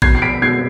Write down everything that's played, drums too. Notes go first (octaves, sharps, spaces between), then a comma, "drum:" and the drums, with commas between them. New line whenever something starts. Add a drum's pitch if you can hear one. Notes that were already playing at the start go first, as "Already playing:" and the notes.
B2 G#6 C7, drum: kick
C7
B6 D7
B2 G#6 C7